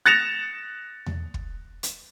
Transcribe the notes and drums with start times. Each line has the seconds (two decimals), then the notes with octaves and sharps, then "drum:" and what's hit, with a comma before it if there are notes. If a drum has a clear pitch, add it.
0.06 F#6 A6 A#6 C#7 E7 F7
1.06 drum: tom E2
1.34 drum: kick
1.83 drum: hi-hat